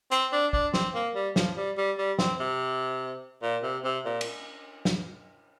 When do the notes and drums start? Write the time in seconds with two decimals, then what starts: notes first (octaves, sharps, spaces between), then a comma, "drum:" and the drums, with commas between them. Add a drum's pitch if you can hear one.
0.11 C4, drum: hi-hat
0.33 D4
0.53 D4, drum: kick
0.74 C4, drum: snare
0.95 A#3
1.15 G3
1.36 F3, drum: snare
1.57 G3
1.77 G3
1.98 G3
2.19 C4, drum: snare
2.40 C3
3.42 A#2
3.63 C3
3.84 C3
4.05 A#2
4.21 drum: cymbal
4.85 drum: snare